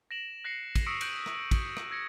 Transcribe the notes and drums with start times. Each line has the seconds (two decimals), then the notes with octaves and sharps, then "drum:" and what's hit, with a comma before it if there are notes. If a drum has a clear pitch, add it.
0.11 A#6 D7 E7 F#7
0.44 F#6 A#6 C7 C#7 F#7
0.75 drum: kick, cymbal
0.86 C#6 D#6 E6 B6 C#7 D7
1.01 F#6 G6 C7 D7 D#7 F#7, drum: cymbal
1.26 drum: rim click
1.51 drum: kick, cymbal
1.77 drum: rim click
1.90 E6 G#6 A#6 C#7